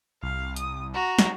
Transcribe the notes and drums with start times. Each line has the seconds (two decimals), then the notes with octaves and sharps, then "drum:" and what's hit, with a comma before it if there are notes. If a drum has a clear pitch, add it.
0.23 C2 F5
0.56 D#6, drum: hi-hat
0.94 F#4 A#5
1.19 drum: snare